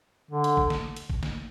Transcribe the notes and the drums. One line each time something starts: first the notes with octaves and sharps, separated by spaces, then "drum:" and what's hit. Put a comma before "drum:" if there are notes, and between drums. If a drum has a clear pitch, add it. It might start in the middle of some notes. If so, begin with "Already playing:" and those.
D3
drum: hi-hat
drum: kick
drum: snare
drum: hi-hat
drum: kick
drum: snare